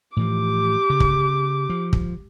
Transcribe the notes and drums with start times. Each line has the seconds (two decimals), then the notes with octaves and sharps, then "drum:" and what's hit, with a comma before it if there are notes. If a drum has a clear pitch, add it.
0.17 A2 E3 F3 G4 D6
0.90 C#3
1.00 drum: kick
1.70 F3
1.93 drum: kick